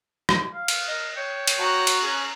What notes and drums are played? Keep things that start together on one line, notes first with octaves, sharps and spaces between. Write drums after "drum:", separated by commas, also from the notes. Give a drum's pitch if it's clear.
drum: rim click
F5
drum: cymbal
A#4 D#5
C#5 G5
drum: cymbal
F#4 A#5 F#6
drum: cymbal
C#4 G#4